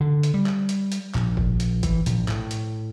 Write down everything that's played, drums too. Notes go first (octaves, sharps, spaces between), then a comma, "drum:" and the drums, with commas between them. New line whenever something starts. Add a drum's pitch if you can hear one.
D3
drum: hi-hat
G3
drum: clap
drum: hi-hat
drum: hi-hat
A#1, drum: clap
drum: kick G1
drum: hi-hat
E3, drum: kick G1, hi-hat
A#1, drum: hi-hat
A2, drum: clap
drum: hi-hat